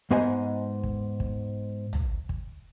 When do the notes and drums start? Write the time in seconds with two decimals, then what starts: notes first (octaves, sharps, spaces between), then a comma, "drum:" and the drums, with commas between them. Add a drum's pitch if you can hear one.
0.11 G#2 B3 C5 D#5 G#5
0.83 drum: kick
1.20 drum: kick
1.93 drum: tom
2.29 drum: kick